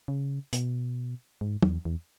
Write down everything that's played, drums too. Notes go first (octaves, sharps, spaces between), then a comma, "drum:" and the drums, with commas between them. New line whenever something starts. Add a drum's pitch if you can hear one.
C#3
B2, drum: hi-hat
G#2
E2, drum: tom
E2